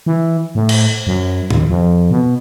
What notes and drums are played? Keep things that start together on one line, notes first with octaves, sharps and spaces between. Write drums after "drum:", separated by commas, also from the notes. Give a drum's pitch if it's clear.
E3
A2
drum: cymbal
F#2
D#2, drum: tom
F2
B2